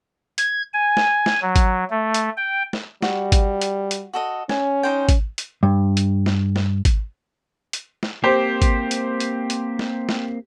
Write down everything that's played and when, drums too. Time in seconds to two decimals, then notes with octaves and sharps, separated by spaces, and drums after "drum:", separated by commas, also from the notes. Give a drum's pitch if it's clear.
0.38 G#6, drum: hi-hat
0.73 G#5
0.97 drum: snare
1.26 drum: snare
1.42 F#3
1.56 drum: kick G#1, hi-hat
1.90 A3
2.14 drum: hi-hat
2.37 G5
2.73 drum: snare
3.02 G3 F#4, drum: snare
3.32 drum: kick G#1, hi-hat
3.62 drum: hi-hat
3.91 drum: hi-hat
4.13 F#4 A4 D#5
4.49 C#4 G#5, drum: snare
4.83 D#4 C5 G5
5.09 drum: kick G#1, hi-hat
5.38 drum: hi-hat
5.63 G2
5.97 drum: hi-hat
6.26 drum: snare
6.56 drum: snare
6.85 drum: kick G#1, hi-hat
7.73 drum: hi-hat
8.03 drum: snare
8.24 A#3 C4 G4 C5
8.62 drum: kick G#1, hi-hat
8.91 drum: hi-hat
9.20 drum: hi-hat
9.50 drum: hi-hat
9.79 drum: snare
10.09 drum: snare